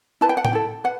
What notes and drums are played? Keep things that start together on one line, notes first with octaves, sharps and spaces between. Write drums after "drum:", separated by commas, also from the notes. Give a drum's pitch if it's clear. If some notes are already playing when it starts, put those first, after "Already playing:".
E4 B4 A5
G5
F#5
G5, drum: tom A2
E4 A4
B4 F#5